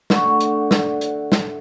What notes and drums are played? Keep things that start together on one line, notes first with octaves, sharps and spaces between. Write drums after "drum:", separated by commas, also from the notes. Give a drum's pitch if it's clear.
D3 A3 F#4, drum: snare
drum: hi-hat
drum: snare
drum: hi-hat
drum: snare